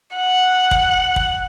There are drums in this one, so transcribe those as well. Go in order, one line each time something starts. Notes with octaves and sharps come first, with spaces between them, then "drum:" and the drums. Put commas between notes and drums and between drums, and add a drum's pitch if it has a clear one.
F#5
drum: kick
drum: kick